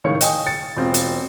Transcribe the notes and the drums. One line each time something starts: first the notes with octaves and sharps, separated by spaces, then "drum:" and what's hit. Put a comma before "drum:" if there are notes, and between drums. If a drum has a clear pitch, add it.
C#2 A2 D#3 C#5 C#7
D#5 G5 G#5 D#6, drum: hi-hat
A6 C#7
E1 C4 F4
drum: hi-hat